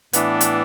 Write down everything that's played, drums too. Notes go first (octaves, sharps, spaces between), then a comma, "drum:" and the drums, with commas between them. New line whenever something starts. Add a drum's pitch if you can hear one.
A2 E3 B3 D4, drum: hi-hat
drum: hi-hat